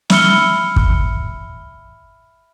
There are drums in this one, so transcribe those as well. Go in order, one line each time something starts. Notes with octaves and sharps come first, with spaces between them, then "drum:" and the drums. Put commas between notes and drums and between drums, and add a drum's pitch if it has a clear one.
E5 B5 E6 F6 C#7 G7, drum: snare
drum: kick